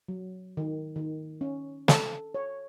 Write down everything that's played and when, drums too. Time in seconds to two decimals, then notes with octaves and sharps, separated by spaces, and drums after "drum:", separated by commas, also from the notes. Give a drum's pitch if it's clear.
0.09 F#3
0.57 D#3
0.96 D#3
1.41 C#4
1.88 A4, drum: snare
2.35 C#5